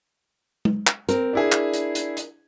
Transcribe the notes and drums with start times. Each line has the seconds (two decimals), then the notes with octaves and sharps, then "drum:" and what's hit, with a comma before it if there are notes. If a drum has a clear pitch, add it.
0.65 drum: tom
0.87 drum: clap
1.09 C4 A#4, drum: hi-hat
1.33 D4 E4 G#4
1.52 drum: clap
1.74 drum: hi-hat
1.95 drum: hi-hat
2.17 drum: hi-hat